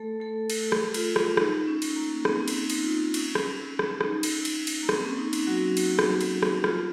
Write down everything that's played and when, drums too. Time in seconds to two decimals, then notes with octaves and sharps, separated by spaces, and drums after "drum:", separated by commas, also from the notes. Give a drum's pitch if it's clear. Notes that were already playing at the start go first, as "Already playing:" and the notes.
Already playing: A3 A4
0.20 A3 A4
0.50 A3 A4, drum: cymbal
0.72 drum: rim click
0.94 F4, drum: cymbal
1.16 drum: rim click
1.37 D#4, drum: rim click
1.67 C#4
1.82 drum: cymbal
1.96 A#3
2.25 C4, drum: rim click
2.48 drum: cymbal
2.70 D#4, drum: cymbal
2.83 F4
2.97 D#4
3.14 C#4, drum: cymbal
3.35 drum: rim click
3.79 drum: rim click
4.01 D#4, drum: rim click
4.23 drum: cymbal
4.45 drum: cymbal
4.67 drum: cymbal
4.83 A#3
4.89 C4, drum: rim click
5.07 C#4
5.18 D#4
5.33 drum: cymbal
5.47 F#3 F#4
5.77 drum: cymbal
5.99 drum: rim click
6.21 drum: cymbal
6.43 drum: rim click
6.64 F4, drum: rim click